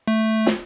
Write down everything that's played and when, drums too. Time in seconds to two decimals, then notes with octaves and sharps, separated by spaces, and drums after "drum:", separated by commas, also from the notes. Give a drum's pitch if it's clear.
0.08 A3
0.46 drum: snare